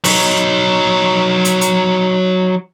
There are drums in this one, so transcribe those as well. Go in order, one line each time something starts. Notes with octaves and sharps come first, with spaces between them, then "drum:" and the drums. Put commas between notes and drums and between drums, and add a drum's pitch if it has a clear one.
F#3 D#4, drum: open hi-hat
drum: hi-hat
drum: hi-hat